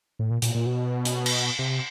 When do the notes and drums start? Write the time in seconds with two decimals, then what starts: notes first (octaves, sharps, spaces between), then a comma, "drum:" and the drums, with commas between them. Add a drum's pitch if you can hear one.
0.19 A2
0.30 A#2
0.42 A#2, drum: hi-hat
0.55 A#2
0.66 B2
1.05 drum: hi-hat
1.26 drum: cymbal
1.59 C3